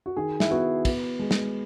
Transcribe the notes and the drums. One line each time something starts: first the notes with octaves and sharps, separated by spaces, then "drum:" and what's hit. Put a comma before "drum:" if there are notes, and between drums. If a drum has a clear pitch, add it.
F#4
D#3 G#4
E4, drum: snare
B3 F#4
B3, drum: kick, cymbal
G#3
drum: snare